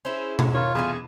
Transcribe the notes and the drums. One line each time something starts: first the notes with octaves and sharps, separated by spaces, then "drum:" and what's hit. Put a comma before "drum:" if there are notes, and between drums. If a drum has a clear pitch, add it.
C#4 E4 G#4 C5
drum: tom B2
D#3 F4 C#5
E2 C3 A3 G#4 G#5